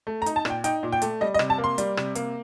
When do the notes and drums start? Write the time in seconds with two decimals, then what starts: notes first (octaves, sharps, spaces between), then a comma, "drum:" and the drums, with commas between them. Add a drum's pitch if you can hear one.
0.07 A3
0.22 A#5
0.26 D#4, drum: hi-hat
0.36 A5
0.45 A#2, drum: rim click
0.50 G5
0.64 D#4 G5, drum: hi-hat
0.83 A#2
0.92 G5
1.02 A3, drum: hi-hat
1.21 G3 D#5
1.34 D#5
1.39 C3, drum: rim click
1.50 A5
1.58 A#3
1.64 C6
1.78 G3, drum: hi-hat
1.97 C3, drum: rim click
2.15 A#3, drum: hi-hat